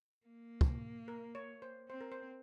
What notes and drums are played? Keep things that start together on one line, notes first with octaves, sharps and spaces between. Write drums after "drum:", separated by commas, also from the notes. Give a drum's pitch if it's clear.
A#3
drum: kick
A#4
C#5
C5
C4 C5
A#4
C5